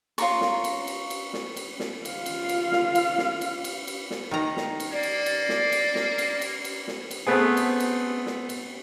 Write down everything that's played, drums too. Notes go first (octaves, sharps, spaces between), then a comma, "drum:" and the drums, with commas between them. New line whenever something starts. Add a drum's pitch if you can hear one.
F4 C#5 A#5 C#6, drum: cymbal
drum: snare
drum: cymbal
drum: cymbal
drum: cymbal
drum: snare
drum: cymbal
drum: snare
F4 F5, drum: cymbal
drum: cymbal
drum: cymbal
drum: snare
drum: cymbal
drum: snare
drum: cymbal
drum: cymbal
drum: cymbal
drum: snare
D#3 A#5
drum: snare
drum: cymbal
A#3 D5
drum: cymbal
drum: cymbal
drum: snare
drum: cymbal
drum: snare
drum: cymbal
drum: cymbal
drum: cymbal
drum: snare
drum: cymbal
A3 B3 C4 G#4
drum: cymbal
drum: cymbal
drum: snare
drum: cymbal